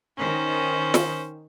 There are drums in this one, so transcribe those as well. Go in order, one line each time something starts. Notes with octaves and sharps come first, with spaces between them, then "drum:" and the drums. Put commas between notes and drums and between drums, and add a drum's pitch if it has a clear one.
D#3 C#4 C5
drum: snare